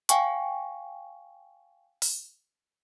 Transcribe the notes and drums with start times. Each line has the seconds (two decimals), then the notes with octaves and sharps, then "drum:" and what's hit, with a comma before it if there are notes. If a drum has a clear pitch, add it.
0.09 F5 G5 G#5 C#6, drum: hi-hat
2.02 drum: open hi-hat